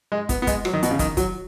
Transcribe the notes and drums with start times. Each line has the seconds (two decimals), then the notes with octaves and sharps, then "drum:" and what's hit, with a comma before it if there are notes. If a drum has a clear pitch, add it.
0.12 G#3
0.29 B3, drum: kick, hi-hat
0.42 B3
0.47 G#3, drum: kick, hi-hat
0.65 F#3, drum: rim click
0.73 D#3
0.83 B2, drum: hi-hat
0.91 C#3
0.99 D#3, drum: kick, hi-hat
1.17 F#3, drum: kick, hi-hat